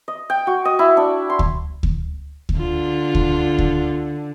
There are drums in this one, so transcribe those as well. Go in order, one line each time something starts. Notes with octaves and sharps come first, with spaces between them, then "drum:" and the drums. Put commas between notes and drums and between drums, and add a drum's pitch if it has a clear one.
D#5
G5
F#4
D#5
E4
D4
C6
drum: kick D2
drum: kick D2
drum: kick D2
D3 F4
drum: kick D2
drum: kick D2